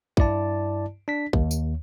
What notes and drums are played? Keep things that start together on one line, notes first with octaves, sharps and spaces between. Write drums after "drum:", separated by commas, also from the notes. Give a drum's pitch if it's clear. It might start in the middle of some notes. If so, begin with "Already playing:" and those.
G2 E4 D5 A5, drum: kick
D4 B6
D#2, drum: kick
drum: tambourine